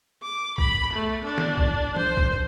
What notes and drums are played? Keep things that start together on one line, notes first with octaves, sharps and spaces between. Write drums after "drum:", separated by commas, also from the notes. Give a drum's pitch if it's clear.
D6
B5, drum: kick
A3
D4
drum: snare
drum: kick
C5, drum: tom
drum: kick